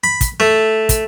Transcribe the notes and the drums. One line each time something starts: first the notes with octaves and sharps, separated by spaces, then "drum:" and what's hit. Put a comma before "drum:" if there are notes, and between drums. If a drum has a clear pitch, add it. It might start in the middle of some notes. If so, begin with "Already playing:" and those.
B5
drum: kick, hi-hat
A3
drum: kick, hi-hat